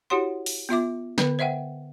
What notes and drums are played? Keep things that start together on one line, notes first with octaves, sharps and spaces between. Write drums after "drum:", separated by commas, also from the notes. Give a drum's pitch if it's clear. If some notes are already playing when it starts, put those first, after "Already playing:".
E4 F#4 G4 C#5 F#5 C6
drum: open hi-hat
B3 F4 E5 D6
D3 B3 B4 B5, drum: snare
C5 D#5 E5 F#5 G5